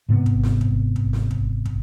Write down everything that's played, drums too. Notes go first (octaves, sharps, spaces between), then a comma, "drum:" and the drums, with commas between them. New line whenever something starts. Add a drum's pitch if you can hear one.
G#2 C3 B3
drum: kick
drum: snare
drum: kick
drum: kick
drum: snare
drum: kick
drum: kick